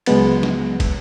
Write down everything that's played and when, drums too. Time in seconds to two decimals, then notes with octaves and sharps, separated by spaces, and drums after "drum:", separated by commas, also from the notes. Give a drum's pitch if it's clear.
0.06 C#2 F#3 G#3 B3 A6, drum: cymbal
0.43 drum: snare
0.80 drum: kick, cymbal